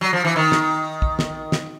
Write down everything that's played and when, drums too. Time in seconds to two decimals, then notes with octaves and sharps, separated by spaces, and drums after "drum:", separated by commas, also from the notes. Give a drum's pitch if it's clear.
0.01 F#3
0.13 F3
0.25 E3
0.36 D#3
0.52 drum: snare
1.02 drum: kick
1.19 drum: snare
1.52 drum: snare